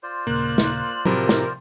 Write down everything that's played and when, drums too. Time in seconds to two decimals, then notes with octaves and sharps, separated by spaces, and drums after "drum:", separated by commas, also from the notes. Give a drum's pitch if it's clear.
0.03 F4 C5 D5
0.27 D#2 A#2 C#3 A#3 F#6
0.58 drum: snare
1.05 A2 C3 F3 C4 F#4 A#4 B5, drum: tom
1.29 drum: snare